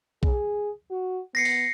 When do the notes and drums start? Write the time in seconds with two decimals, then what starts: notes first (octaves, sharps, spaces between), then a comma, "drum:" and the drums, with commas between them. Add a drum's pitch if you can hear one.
0.23 G#4, drum: kick B1
0.91 F#4
1.35 B3 A#6 C7 C#7
1.45 drum: open hi-hat